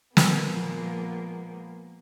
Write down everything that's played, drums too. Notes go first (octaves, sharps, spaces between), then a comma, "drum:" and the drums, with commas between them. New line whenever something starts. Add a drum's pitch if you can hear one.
A#2 F3 G#3 A#3 B3, drum: snare